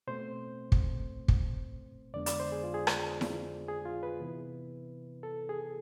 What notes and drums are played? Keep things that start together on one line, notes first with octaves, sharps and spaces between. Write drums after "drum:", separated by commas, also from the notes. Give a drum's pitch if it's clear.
B2 A3 C4 C5
drum: kick
drum: kick
F2 D3 G#3 B3 D4 D5
D5, drum: hi-hat
C5
G#4
F4
G#4
drum: rim click
drum: snare E4
G#4
F4
B4
C3 E3 B3 E4
A4
G#4